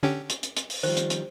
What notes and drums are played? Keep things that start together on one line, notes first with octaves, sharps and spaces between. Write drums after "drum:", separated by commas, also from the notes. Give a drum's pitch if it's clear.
D3 C#4 G4
drum: hi-hat
drum: hi-hat
drum: hi-hat
drum: open hi-hat
D#3 F3 G3 C5, drum: open hi-hat
drum: hi-hat
drum: hi-hat